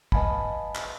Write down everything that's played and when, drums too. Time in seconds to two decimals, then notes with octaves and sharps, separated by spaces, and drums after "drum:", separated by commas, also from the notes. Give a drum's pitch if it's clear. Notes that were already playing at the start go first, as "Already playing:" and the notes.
0.12 B4 D#5 F5 G#5 A5 B5, drum: kick
0.75 drum: clap